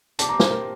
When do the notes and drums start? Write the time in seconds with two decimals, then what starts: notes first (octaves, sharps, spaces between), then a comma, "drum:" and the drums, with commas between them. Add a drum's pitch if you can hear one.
0.19 C3 G3 C4 G4 A5, drum: hi-hat
0.29 A#5
0.40 C5, drum: snare
0.50 A#4